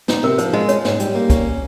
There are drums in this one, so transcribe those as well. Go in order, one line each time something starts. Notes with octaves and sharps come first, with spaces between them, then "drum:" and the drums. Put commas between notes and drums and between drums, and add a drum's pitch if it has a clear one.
D#4, drum: snare
C3 A#4
F3 C5, drum: hi-hat
G#3 D#5
C#4 C#5, drum: hi-hat
G#2, drum: snare
G3, drum: hi-hat
A#3
C#4, drum: kick, hi-hat